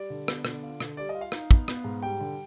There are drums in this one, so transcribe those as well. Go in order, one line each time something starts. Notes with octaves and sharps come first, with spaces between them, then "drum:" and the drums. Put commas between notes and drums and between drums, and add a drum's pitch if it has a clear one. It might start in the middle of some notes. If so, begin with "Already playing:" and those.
Already playing: G3 D5
D3
B3, drum: rim click
D3, drum: rim click
F4
D3, drum: rim click
G3 D5
D#5
F4
F5
D#4, drum: rim click
B3, drum: kick
B3, drum: rim click
G#2
G3 G5
D3